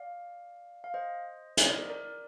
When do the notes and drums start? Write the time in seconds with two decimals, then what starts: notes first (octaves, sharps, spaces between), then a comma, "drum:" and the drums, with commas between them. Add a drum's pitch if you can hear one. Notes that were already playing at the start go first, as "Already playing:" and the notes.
Already playing: D5 F5
0.84 F5
0.94 C5 D#5
1.57 C5 D#5, drum: hi-hat
1.68 A#4 D5
1.78 A#4 D5
1.90 A#4 D5